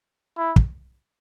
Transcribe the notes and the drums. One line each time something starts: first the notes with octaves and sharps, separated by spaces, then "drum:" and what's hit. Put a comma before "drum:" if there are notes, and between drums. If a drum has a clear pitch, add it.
E4
drum: kick